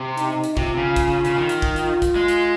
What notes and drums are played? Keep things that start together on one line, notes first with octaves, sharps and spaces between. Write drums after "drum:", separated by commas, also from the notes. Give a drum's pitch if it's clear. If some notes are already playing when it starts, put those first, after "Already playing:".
Already playing: C3
D#4, drum: hi-hat
drum: hi-hat
C3 F4, drum: kick
C#3
drum: kick, hi-hat
C#3, drum: hi-hat
D#3
drum: hi-hat
drum: kick
F4, drum: hi-hat
drum: kick, hi-hat
G#3
drum: hi-hat